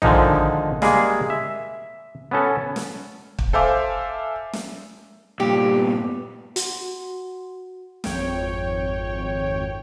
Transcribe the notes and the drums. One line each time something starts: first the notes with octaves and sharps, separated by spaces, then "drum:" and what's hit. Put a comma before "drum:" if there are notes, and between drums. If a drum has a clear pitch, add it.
D3 D#3 F3 G#3 D#4, drum: tom A#1
G3 G#3 A#3 G#4, drum: snare
E5
B3 C#4 A4
drum: snare
drum: kick
A4 C5 E5 F5 G#5 D6
drum: snare
G2 A#2 G4
B3
F#4, drum: hi-hat
G#1 F2 C#5 G5, drum: snare